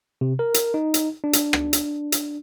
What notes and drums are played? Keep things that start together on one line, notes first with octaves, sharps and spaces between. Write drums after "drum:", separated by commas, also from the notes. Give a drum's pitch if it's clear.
C3
A#4
drum: hi-hat
D#4
drum: hi-hat
D4
drum: hi-hat
drum: rim click
drum: hi-hat
drum: hi-hat